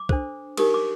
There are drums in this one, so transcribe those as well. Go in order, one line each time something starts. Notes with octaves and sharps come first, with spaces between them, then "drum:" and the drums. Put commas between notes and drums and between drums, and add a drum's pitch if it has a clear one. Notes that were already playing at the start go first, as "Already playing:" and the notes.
Already playing: D6
D4 A4 C5, drum: kick
D#4 G4 A#4 D#6, drum: cymbal
D6